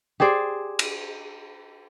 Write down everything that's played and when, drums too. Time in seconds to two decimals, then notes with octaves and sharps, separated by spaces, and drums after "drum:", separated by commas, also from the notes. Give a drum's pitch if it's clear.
0.20 G4 G#4 C5 D5
0.79 drum: cymbal